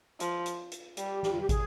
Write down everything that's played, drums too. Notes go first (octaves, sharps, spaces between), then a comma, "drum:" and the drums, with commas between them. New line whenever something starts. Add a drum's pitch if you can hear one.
F3, drum: hi-hat
drum: hi-hat
drum: hi-hat
G3 G4, drum: hi-hat
G4, drum: snare
F4
G4
G#4, drum: kick, hi-hat